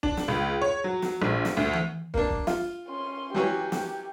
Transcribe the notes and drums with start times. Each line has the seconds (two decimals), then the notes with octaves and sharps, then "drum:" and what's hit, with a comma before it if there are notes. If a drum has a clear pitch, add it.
0.03 D4, drum: kick
0.17 drum: snare
0.28 C#2
0.62 C#5
0.84 F#3
1.02 drum: snare
1.22 A#1
1.45 drum: snare
1.57 D2
1.73 drum: tom E3
2.14 A#3 D4, drum: kick
2.30 drum: kick
2.47 F4, drum: snare
2.88 C#4 C6
3.34 E3 F#3 C#4 G4
3.72 drum: snare